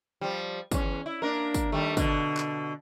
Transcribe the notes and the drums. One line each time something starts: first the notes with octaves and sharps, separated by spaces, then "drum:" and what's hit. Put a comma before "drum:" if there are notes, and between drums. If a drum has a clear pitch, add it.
F3 G3
E2 C#4, drum: kick, tambourine
E4
A#3 D4 A#4
drum: kick, tambourine
D#2 G3 A3
B2 D3, drum: kick, tambourine
drum: clap